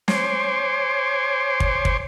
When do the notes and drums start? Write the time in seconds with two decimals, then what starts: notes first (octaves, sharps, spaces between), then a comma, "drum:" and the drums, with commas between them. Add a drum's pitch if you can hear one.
0.08 C5 C#5 G#5 C6 D6, drum: snare
1.60 drum: kick
1.85 drum: kick